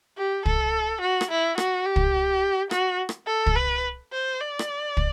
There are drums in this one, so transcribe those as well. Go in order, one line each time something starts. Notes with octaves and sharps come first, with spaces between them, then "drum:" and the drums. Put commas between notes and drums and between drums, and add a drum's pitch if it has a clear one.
G4
A4, drum: kick
F#4
drum: rim click
E4
F#4, drum: rim click
G4
drum: kick
F#4, drum: rim click
drum: rim click
A4
drum: kick
B4
C5
D5
drum: rim click
drum: kick